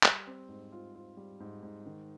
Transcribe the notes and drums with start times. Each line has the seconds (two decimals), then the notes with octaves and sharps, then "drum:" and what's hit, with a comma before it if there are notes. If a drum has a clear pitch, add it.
0.03 G3, drum: clap
0.27 C4
0.49 G#2
0.72 F4
0.95 F4
1.17 G3
1.40 G#2
1.63 G#2
1.86 D#3